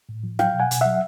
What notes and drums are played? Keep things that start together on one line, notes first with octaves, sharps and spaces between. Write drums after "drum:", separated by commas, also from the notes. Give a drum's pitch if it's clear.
A2
F3
F#3 F5 G5, drum: rim click
B2
F#5 G#5
B2, drum: hi-hat
F#3 E5 F#5